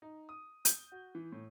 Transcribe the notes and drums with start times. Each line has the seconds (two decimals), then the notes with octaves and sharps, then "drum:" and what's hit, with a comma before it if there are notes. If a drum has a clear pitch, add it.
0.02 D#4
0.29 D#6
0.65 G6, drum: hi-hat
0.92 F#4
1.15 E3
1.32 A2